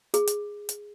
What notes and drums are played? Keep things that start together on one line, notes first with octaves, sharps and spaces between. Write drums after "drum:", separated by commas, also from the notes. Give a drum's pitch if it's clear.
G#4, drum: hi-hat
drum: hi-hat
drum: hi-hat